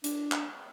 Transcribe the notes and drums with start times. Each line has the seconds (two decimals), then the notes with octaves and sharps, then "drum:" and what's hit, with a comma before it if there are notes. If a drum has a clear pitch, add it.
0.04 D4, drum: hi-hat
0.32 drum: clap